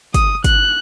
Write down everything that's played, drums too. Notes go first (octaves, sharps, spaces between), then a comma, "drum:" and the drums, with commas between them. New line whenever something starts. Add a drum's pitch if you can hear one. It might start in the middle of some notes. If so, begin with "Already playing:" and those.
D#6, drum: kick, hi-hat
F#6, drum: kick, hi-hat